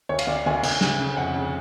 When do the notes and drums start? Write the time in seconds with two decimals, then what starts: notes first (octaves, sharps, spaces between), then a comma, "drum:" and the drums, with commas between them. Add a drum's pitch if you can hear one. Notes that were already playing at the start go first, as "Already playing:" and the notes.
0.09 D2 C#5
0.19 F5, drum: cymbal
0.27 D2 D5
0.36 F5
0.46 D2 G#5
0.63 D2, drum: cymbal
0.81 C#3, drum: snare
0.99 C#3
1.17 F2 F#5
1.36 C#3